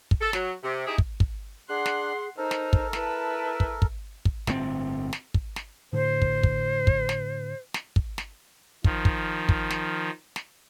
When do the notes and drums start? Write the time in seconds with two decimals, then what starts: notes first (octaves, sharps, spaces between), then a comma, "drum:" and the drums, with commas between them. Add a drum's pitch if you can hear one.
0.11 drum: kick
0.21 A4
0.33 F#3, drum: snare
0.63 C3
0.87 D#4 E4 G4 G#4
0.98 drum: kick
1.20 drum: kick
1.69 D4 G#4 F#5 C6 F#6
1.86 drum: snare
2.37 D#4 A4 A#4 C5
2.51 drum: snare
2.73 drum: kick
2.93 E4 B4 A5, drum: snare
3.60 drum: kick
3.82 drum: kick
4.25 drum: kick
4.47 G1 A2 C3 C4, drum: snare
5.13 drum: snare
5.34 drum: kick
5.56 drum: snare
5.93 A2 D3 C5
6.22 drum: kick
6.43 drum: kick
6.87 drum: kick
7.09 drum: snare
7.74 drum: snare
7.96 drum: kick
8.18 drum: snare
8.84 D#3 F3, drum: kick
9.05 drum: kick
9.49 drum: kick
9.70 drum: snare
10.36 drum: snare